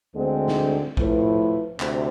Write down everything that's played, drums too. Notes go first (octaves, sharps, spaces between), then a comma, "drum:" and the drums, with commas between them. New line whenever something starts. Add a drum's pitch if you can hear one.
D2 D3 G#3 C4
drum: snare
A2 F3 A3 E4 B4, drum: kick A#1
D2 C3, drum: clap